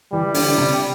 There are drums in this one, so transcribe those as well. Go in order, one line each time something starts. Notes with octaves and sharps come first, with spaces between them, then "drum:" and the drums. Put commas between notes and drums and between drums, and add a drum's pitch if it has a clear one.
E3 G3
D3, drum: open hi-hat
C3